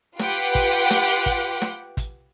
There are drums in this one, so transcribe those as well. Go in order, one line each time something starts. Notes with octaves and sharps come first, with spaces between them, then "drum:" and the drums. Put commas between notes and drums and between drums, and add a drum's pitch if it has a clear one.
F4 G4 B4 F#5 G5, drum: snare
drum: kick, hi-hat
drum: snare
drum: kick, hi-hat
drum: snare
drum: kick, hi-hat